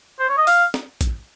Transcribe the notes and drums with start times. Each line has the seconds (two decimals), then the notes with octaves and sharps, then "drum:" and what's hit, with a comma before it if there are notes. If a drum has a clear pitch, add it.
0.19 C5
0.29 C#5
0.38 D#5
0.47 F5, drum: open hi-hat
0.74 drum: snare
1.01 drum: kick, hi-hat